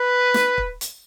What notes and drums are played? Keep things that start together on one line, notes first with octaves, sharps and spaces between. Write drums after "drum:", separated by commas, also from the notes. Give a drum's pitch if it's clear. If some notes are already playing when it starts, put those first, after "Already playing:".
Already playing: B4
drum: snare
drum: kick
drum: hi-hat